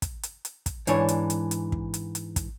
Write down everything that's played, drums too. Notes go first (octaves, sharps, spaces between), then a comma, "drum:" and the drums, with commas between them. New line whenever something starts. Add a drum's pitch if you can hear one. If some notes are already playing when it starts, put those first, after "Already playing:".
drum: kick, hi-hat
drum: hi-hat
drum: hi-hat
drum: kick, hi-hat
G#2 E3 D4 C#5, drum: hi-hat
drum: hi-hat
drum: hi-hat
drum: hi-hat
drum: kick
drum: hi-hat
drum: hi-hat
drum: kick, hi-hat